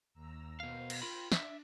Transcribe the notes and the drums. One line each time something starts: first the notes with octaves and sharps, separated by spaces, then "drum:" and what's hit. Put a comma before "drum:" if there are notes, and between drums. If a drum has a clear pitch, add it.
D#2 A#5 E6
B2 A#4 C5 F5
drum: cymbal
F4 G5 B5 B6
D4 D5 E5, drum: snare